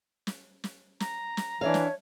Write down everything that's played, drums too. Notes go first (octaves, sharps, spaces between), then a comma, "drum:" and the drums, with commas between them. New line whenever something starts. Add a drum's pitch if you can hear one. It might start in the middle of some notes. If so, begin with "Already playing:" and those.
drum: snare
drum: snare
A#5, drum: snare
drum: snare
E3 D4 C#5 E5 F5
drum: snare